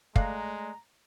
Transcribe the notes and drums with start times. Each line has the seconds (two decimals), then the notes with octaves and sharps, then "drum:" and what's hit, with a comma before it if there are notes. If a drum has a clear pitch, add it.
0.16 G#3 A3 D5 F5 A#5 F#6, drum: kick